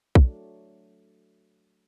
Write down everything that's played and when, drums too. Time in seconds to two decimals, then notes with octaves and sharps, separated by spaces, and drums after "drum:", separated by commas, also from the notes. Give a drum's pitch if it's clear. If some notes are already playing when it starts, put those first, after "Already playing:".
0.15 F#3 A3 D4, drum: kick